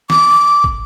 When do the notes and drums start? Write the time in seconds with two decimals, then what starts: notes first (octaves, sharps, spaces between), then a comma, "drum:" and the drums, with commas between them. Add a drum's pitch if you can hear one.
0.10 D6, drum: snare
0.64 drum: kick